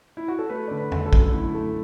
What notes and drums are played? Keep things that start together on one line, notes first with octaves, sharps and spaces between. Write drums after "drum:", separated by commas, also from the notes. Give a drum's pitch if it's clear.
E4
F#4
A4
A3 B4
D3 D5
B4
D3, drum: tom E2
A4
F#2, drum: kick A#1
A3 E4
A3